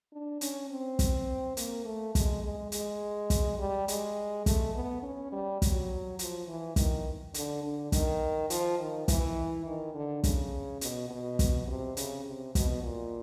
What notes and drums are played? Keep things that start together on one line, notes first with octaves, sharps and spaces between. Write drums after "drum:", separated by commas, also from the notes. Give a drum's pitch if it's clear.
D4
C#4, drum: hi-hat
C4
drum: kick, hi-hat
A#3, drum: hi-hat
A3
G#3, drum: kick, hi-hat
G#3
G#3, drum: hi-hat
drum: kick, hi-hat
G3
G#3, drum: hi-hat
A3, drum: kick, hi-hat
B3
C#4
G3
F#3, drum: kick, hi-hat
F3, drum: hi-hat
E3
D#3, drum: kick, hi-hat
D3, drum: hi-hat
D3
D#3, drum: kick, hi-hat
F3, drum: hi-hat
D#3
E3, drum: kick, hi-hat
D#3
D3
C#3, drum: kick, hi-hat
B2, drum: hi-hat
B2
drum: kick, hi-hat
C3
C#3, drum: hi-hat
C3
B2, drum: kick, hi-hat
A#2